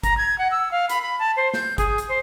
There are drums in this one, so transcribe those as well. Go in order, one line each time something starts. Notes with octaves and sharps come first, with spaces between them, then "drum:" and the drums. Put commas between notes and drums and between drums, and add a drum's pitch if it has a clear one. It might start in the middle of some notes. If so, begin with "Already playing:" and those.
A#5, drum: kick, hi-hat
G#6
F#5
E6
F5
B5, drum: hi-hat
B5
A5
C5
G6, drum: snare
G#4, drum: kick, hi-hat
drum: hi-hat
C5